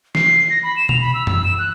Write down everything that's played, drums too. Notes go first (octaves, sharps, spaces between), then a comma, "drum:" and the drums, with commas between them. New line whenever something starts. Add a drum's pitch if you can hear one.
C7, drum: snare
A#6
B5
E7
F7, drum: tom B2
B5
E6
E6, drum: tom F#2
E7
F#6